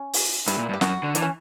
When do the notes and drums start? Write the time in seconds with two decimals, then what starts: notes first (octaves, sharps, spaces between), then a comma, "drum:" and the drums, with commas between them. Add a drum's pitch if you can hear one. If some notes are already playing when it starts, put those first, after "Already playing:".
Already playing: C#4
0.13 drum: open hi-hat
0.48 G2 E4, drum: hi-hat
0.58 A#2
0.69 G2
0.73 G4
0.81 F#2 F#4, drum: snare
1.03 D3
1.15 E3 D4, drum: hi-hat
1.22 C#4